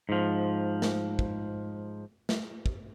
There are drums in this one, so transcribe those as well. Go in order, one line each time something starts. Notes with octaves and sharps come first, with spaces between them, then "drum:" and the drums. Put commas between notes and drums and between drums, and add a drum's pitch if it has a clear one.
G#2 F3
drum: snare
drum: kick
drum: snare
drum: kick